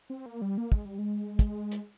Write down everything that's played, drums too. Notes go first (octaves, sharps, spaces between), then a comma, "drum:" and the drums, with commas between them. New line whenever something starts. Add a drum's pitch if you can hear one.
C4
A#3
G3
A#3
G#3, drum: kick
G3
G#3
drum: kick, hi-hat
drum: hi-hat